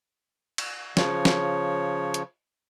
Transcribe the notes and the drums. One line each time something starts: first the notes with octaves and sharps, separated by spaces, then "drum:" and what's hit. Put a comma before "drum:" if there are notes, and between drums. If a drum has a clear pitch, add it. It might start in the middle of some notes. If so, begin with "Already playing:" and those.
drum: cymbal
C#3 F3 C#5, drum: snare
drum: snare
drum: hi-hat